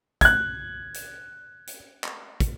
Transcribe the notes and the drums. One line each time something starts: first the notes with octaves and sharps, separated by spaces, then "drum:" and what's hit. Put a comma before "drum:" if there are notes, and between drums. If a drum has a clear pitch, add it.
F#6 G#6, drum: kick, hi-hat
drum: hi-hat
drum: hi-hat
drum: clap
drum: kick, hi-hat